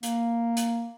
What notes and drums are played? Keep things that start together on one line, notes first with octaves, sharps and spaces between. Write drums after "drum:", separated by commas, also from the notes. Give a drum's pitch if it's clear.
A#3, drum: hi-hat
drum: hi-hat